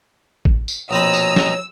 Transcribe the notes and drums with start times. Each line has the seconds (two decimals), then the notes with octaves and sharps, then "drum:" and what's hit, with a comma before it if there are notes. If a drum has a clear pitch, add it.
0.45 drum: kick A1
0.68 drum: tambourine
0.91 A#1 B2 C4 C#5 A#5 B5 D#6 E6
1.14 drum: tambourine
1.36 drum: snare